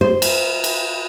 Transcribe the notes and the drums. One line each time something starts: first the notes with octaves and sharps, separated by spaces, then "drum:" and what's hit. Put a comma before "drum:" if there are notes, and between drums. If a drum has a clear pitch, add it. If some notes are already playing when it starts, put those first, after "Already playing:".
C5
drum: cymbal
drum: cymbal